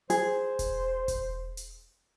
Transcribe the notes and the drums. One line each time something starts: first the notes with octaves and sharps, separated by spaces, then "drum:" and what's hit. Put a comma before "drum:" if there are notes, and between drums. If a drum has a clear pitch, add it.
G#4 C5, drum: hi-hat
drum: kick E1, hi-hat
drum: kick E1, hi-hat
drum: hi-hat